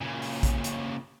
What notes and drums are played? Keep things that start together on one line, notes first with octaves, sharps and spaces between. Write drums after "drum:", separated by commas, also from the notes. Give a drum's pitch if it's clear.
A#2 C#3
drum: open hi-hat
drum: kick, hi-hat
drum: hi-hat